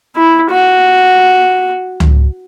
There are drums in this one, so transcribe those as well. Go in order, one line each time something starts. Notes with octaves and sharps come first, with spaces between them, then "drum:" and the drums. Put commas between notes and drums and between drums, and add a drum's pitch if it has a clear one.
E4
F#4
drum: tom C#2